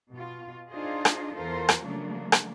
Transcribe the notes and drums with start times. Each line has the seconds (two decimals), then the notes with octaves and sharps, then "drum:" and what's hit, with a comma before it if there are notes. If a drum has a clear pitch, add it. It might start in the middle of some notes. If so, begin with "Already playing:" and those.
0.11 B2 F4
0.70 D4 D#4 F4 G#4 C5 D#5
1.05 drum: rim click
1.34 E2 E3 F4 A4 A#4 C5
1.69 drum: rim click
1.84 C#3 F3 F#3 A3 A#3 D4
2.32 drum: rim click